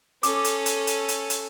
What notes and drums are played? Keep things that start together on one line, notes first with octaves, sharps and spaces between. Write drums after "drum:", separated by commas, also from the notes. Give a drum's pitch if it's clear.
C#4 A4 D6, drum: hi-hat
drum: hi-hat
drum: hi-hat
drum: hi-hat
drum: hi-hat
drum: hi-hat